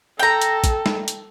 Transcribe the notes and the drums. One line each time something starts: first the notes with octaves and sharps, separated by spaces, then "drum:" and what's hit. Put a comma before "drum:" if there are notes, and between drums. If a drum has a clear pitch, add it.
A4 G5 A#5
drum: hi-hat
drum: kick A#1, hi-hat
drum: snare
drum: hi-hat